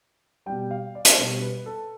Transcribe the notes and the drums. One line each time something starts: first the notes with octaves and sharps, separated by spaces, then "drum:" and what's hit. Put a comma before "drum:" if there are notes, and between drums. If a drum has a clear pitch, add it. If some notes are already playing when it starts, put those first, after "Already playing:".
B2 G3 G5
F5
D5
drum: hi-hat
B2 G3
B4
A4